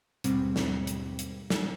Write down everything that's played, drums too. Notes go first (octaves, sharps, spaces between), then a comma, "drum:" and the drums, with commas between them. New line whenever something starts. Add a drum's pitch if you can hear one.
D#2 G#2 B2 G3 C4, drum: hi-hat
drum: snare
drum: hi-hat
drum: hi-hat
drum: snare